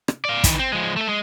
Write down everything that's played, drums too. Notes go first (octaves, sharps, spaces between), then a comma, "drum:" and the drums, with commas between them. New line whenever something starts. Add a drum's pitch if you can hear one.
drum: rim click
D5 F5
D#3 E3, drum: kick, hi-hat
C4
F3 G#3
A3 A4
G#3